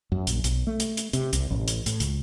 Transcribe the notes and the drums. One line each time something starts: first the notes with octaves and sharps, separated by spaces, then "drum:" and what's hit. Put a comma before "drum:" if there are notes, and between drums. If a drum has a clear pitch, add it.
F#2
A#1, drum: hi-hat
B1, drum: hi-hat
A3
drum: hi-hat
drum: hi-hat
C3, drum: hi-hat
C2, drum: hi-hat
A1
drum: hi-hat
A2, drum: hi-hat
C#2, drum: hi-hat